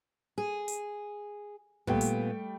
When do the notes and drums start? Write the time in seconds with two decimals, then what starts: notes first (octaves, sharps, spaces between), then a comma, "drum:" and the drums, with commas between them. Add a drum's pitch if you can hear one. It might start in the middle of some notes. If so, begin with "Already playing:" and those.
0.38 G#4
0.68 drum: hi-hat
1.87 A#2 G3 A3 B3 G5, drum: kick
2.01 drum: hi-hat